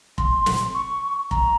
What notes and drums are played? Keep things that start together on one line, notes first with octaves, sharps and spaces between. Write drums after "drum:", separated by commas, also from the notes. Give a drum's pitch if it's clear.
C6, drum: kick F1
drum: snare
C#6
A#5, drum: kick F1